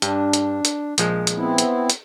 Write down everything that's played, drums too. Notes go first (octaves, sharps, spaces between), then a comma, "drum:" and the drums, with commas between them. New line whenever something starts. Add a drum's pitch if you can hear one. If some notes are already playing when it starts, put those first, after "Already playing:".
G2 D4, drum: hi-hat
drum: hi-hat
drum: hi-hat
A#1 F3 G#3, drum: hi-hat
drum: hi-hat
B3 C4 E4
drum: hi-hat
drum: hi-hat